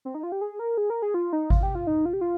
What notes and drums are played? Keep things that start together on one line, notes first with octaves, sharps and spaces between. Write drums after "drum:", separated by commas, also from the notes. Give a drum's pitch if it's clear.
C4
D#4
F4
G4
G#4
A#4
G#4
A#4
G#4
F4
D#4
F4, drum: kick G#1
G4
F4
D#4
F4
G4
F4